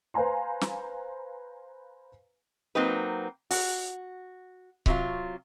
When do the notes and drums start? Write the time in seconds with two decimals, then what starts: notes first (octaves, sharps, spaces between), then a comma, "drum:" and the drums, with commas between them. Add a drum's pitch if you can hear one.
0.14 B4 C5 F5 G#5 A#5 C6
0.61 drum: snare
2.75 F#3 A#3 C4 D#4 B4
3.51 F#4, drum: open hi-hat
4.86 C3 F#3 F4, drum: kick C#1